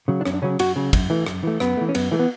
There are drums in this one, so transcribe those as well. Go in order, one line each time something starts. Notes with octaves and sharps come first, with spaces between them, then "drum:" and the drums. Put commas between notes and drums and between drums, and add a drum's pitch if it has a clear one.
C#3 F#3
D4
F#2 C#4, drum: rim click
D4
C#3 F#3 C#4
F#2 F#4, drum: cymbal
C#3 F#3
F#2, drum: kick, cymbal
E3 A3
F#2, drum: rim click
E3 A3
F#2 B3, drum: rim click
E3 A3
C#4
F#2 B3, drum: cymbal
E3 A3
B3